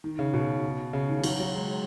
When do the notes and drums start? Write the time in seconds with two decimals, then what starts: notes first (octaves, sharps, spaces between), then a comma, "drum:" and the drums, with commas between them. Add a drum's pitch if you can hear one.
0.04 D#3
0.19 C#3
0.33 B2
0.93 C#3
1.09 D#3
1.19 E3
1.23 F#3, drum: cymbal
1.40 F#3
1.55 G#3